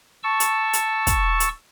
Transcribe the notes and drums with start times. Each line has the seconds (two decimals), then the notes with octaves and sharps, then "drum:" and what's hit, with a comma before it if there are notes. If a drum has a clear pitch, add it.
0.23 A5 C#6 E6
0.40 drum: hi-hat
0.73 drum: hi-hat
1.07 drum: kick, hi-hat
1.40 drum: hi-hat